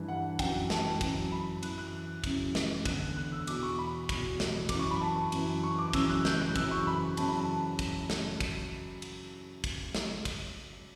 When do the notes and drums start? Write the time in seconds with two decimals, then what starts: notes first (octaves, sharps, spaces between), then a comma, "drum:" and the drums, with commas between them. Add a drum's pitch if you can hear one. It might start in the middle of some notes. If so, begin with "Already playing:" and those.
Already playing: G2 E3
0.08 F#5
0.39 F#2 E3 G5, drum: kick, cymbal
0.70 A5, drum: snare
1.01 F#2 E3, drum: kick, cymbal
1.32 B5
1.63 F#2 E3 F#6, drum: cymbal
1.78 F#6
2.24 F#2 C#3 E3, drum: kick, cymbal
2.55 drum: snare
2.85 E2 D3 F#6, drum: kick, cymbal
3.16 F#6
3.32 E6
3.47 E2 B2 D6, drum: cymbal
3.63 C#6
3.78 B5
4.09 E2 B2, drum: kick, cymbal
4.40 drum: snare
4.69 F#2 E3 D6, drum: kick, cymbal
4.79 C#6
4.91 B5
5.01 A5
5.32 F#2 E3, drum: cymbal
5.63 C#6
5.78 D6
5.93 F#2 C#3 E3 E6, drum: kick, cymbal
6.09 F#6
6.25 G6, drum: snare
6.41 F#6
6.56 F#2 C#3 E3 E6, drum: kick, cymbal
6.71 C#6
6.87 B5
7.17 F#2 C#3 E3 A5, drum: cymbal
7.28 B5
7.39 A5
7.79 drum: kick, cymbal
8.10 drum: snare
8.41 drum: kick, cymbal
9.02 drum: cymbal
9.64 drum: kick, cymbal
9.95 drum: snare
10.25 drum: kick, cymbal